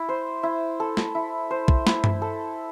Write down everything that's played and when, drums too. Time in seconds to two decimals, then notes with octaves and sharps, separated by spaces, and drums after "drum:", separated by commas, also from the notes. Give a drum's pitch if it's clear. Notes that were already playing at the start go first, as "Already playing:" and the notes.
Already playing: E4
0.09 C5
0.43 E4
0.80 A4
0.97 drum: snare
1.15 E4
1.51 C5
1.68 drum: kick
1.87 E4, drum: snare
2.04 drum: tom G2
2.22 A4